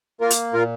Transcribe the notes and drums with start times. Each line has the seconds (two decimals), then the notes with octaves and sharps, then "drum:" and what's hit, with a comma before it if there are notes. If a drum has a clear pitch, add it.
0.21 A#3 F4 A#4
0.30 drum: hi-hat
0.53 A#2 F4 A#4